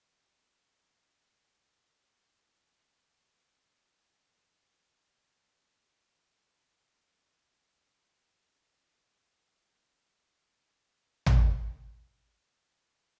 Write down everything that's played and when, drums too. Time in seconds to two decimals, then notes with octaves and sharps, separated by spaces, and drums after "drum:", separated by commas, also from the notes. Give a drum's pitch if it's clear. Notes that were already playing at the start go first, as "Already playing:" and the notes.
0.54 F5
2.22 G#5
2.29 B2 G#3 B3 G5
2.73 G#5
3.17 B5
3.56 B5
3.60 G#5
4.91 F5
5.28 C5
5.35 B4
5.79 D3 G#3 B3
9.29 B2 G#3 B3
10.09 C5
10.17 D5
11.26 drum: tom
11.92 D#5
12.05 C6
12.15 B5
12.26 G#5
12.36 G5
12.80 D3 G#3 B3 G#5
12.90 G5
13.00 G#5